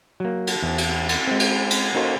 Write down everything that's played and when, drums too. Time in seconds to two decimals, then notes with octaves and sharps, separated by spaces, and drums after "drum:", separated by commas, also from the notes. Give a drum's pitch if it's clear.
0.20 F#3 A#3
0.47 drum: cymbal
0.63 E2
0.78 drum: cymbal
1.09 drum: cymbal
1.27 G#3 C4
1.40 drum: cymbal
1.70 drum: cymbal
1.95 A#3 C#4 D#4 F#4 A4 C5